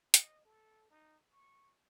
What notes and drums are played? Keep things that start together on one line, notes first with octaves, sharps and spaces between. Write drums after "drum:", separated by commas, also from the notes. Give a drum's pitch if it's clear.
D#5, drum: hi-hat
A4
D#4
C#6